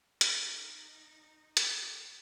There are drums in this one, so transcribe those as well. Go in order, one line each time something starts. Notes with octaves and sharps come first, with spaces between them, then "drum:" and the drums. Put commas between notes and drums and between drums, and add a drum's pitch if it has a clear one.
D#4, drum: hi-hat
drum: hi-hat